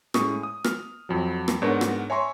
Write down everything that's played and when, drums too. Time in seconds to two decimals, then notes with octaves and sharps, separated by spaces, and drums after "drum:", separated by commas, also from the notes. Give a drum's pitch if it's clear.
0.14 A2 G#3 C#4 C#6 D#6, drum: rim click
0.43 D#6
0.64 F6, drum: rim click
1.09 F2 F#3
1.48 drum: rim click
1.62 G#2 B3 D4 A#4 C#5 C#6
1.81 drum: rim click
2.10 C#5 E5 G#5 A#5 C6 C#6